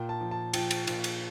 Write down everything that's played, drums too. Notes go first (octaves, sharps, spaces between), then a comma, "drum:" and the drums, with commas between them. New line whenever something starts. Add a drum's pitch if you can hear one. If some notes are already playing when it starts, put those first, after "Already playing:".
Already playing: A#2 G5
A5
F3
A5
F3 G5, drum: cymbal
drum: cymbal
A#2, drum: cymbal
drum: cymbal